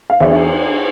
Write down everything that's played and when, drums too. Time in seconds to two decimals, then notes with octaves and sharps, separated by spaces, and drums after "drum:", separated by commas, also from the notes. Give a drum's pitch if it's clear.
0.10 F5
0.20 E2 E5, drum: cymbal
0.30 E5